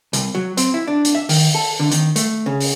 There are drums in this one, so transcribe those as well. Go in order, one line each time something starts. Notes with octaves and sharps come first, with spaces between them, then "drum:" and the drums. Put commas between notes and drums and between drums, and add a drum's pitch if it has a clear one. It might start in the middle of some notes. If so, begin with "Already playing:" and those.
C2, drum: hi-hat
F#3
C4, drum: hi-hat
E4
D4
drum: hi-hat
E5
D#3, drum: open hi-hat
A4
D3
D#3, drum: hi-hat
A3, drum: hi-hat
C#3
drum: open hi-hat